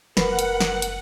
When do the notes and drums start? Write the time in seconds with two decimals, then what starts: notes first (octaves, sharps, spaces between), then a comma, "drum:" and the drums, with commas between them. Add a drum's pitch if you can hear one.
0.17 F#1 A#4 B4 F#5, drum: snare
0.39 drum: hi-hat
0.60 drum: snare
0.82 drum: hi-hat